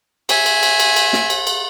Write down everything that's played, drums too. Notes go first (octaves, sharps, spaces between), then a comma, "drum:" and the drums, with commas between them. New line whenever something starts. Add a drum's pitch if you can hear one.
E5 G#5, drum: cymbal
drum: cymbal
drum: cymbal
drum: cymbal
drum: cymbal
drum: snare
drum: cymbal
drum: cymbal